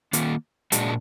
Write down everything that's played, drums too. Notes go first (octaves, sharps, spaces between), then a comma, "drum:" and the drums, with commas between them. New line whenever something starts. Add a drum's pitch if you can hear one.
D#3 A#3 F4, drum: hi-hat
A#2 G#3 D4 F#4, drum: hi-hat